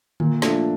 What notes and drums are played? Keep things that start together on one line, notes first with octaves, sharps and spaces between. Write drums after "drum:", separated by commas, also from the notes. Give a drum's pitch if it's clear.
A#2, drum: tom D3
F3 A3 D4, drum: snare